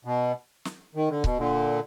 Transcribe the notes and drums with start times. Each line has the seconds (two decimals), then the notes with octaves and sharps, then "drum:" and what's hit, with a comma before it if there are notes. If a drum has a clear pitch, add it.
0.05 B2
0.65 drum: snare
0.95 D#3
1.10 D3
1.24 B2, drum: kick C#1
1.37 A#2 D3